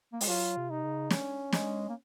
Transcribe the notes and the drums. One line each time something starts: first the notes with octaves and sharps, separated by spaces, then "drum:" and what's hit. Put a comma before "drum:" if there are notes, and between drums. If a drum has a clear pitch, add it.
A#3
G#3, drum: open hi-hat
F#3 F4
C3
D#4
C#3
C#4, drum: snare
G#3, drum: snare
A#3